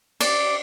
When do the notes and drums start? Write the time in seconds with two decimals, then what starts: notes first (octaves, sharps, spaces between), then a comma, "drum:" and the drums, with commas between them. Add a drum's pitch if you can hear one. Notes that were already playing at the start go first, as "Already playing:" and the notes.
0.21 D5, drum: cymbal